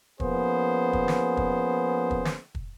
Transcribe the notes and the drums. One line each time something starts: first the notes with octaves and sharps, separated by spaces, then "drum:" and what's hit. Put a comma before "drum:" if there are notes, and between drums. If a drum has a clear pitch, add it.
F3 A#3 B3 C#4 G#4 C5, drum: kick
drum: kick
drum: snare
drum: kick
drum: kick
drum: snare
drum: kick